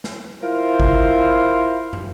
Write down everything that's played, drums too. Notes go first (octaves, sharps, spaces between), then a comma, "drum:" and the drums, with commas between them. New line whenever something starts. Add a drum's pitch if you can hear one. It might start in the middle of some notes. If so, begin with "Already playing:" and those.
drum: snare
E4 F4 A#4 C5
drum: kick G#1
drum: tom